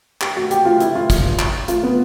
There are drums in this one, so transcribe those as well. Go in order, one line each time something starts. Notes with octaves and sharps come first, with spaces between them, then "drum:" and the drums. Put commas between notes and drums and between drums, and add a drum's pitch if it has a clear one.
G4, drum: clap
F#4
G4, drum: hi-hat
F4
E4, drum: hi-hat
F4
drum: kick, hi-hat
drum: clap
F4, drum: hi-hat
B3